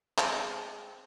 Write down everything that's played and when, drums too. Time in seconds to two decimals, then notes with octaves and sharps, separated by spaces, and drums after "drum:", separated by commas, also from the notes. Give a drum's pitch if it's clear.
0.18 G#3 C4, drum: clap